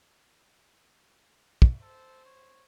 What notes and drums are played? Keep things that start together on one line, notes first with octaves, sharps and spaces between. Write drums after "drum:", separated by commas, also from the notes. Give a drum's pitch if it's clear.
drum: kick
A4 C5
C#5